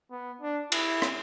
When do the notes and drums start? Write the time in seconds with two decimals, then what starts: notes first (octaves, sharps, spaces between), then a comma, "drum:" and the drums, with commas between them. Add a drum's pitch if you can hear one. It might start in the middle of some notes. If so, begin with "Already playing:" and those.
0.11 B3
0.41 D4
0.72 E4, drum: cymbal
1.02 drum: rim click